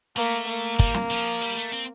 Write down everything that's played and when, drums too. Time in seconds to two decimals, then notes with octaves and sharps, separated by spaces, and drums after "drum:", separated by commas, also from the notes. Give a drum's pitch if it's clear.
0.16 A3 A#3
0.48 A#3
0.79 G3, drum: kick G1
0.94 drum: snare
1.11 F3
1.42 G3
1.57 A3
1.73 C4